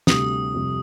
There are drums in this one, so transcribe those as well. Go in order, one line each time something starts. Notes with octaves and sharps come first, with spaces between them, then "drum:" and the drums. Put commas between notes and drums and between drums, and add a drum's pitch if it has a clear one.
D2 C3 G3 D#6, drum: snare
F2 C3 G3